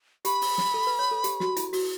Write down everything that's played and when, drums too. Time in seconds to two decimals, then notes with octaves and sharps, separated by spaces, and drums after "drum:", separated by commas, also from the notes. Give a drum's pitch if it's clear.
0.25 G4 B5, drum: hi-hat
0.41 drum: open hi-hat
0.58 drum: snare
0.74 A4
0.87 B4
0.99 C#5
1.11 A4
1.24 G4, drum: hi-hat
1.40 F#4, drum: snare
1.57 E4, drum: hi-hat
1.73 F#4, drum: open hi-hat